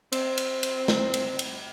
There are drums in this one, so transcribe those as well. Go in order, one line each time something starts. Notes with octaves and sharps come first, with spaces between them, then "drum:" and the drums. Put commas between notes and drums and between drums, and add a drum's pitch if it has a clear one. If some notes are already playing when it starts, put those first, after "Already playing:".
C4, drum: cymbal
drum: cymbal
drum: cymbal
drum: snare
drum: cymbal
drum: cymbal